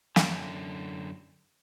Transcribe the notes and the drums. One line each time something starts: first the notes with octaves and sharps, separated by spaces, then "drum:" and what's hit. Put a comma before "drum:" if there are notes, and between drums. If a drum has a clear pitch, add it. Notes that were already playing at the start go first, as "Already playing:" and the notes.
F#2 D3, drum: snare